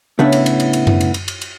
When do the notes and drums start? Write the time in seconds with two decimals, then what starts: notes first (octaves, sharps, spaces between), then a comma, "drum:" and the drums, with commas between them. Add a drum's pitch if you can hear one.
0.19 A2 C#3 B3 C#4 D4 E4
0.32 drum: cymbal
0.46 drum: cymbal
0.60 drum: cymbal
0.73 drum: cymbal
0.87 drum: tom F#2
1.01 drum: cymbal
1.14 drum: cymbal
1.28 drum: cymbal
1.41 drum: cymbal